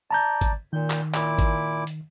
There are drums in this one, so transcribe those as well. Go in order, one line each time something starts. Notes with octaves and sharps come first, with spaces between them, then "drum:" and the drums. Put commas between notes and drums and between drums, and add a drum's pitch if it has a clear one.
D5 A5 A#5 G6
drum: kick G#1, hi-hat
A#2 D#3 G6
drum: clap
A#2 E4 D6, drum: clap
drum: kick G#1, hi-hat
drum: hi-hat